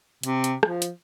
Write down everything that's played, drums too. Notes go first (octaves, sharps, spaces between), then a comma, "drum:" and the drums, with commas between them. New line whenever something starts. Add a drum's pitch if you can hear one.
C3, drum: hi-hat
drum: hi-hat
F3, drum: rim click
drum: hi-hat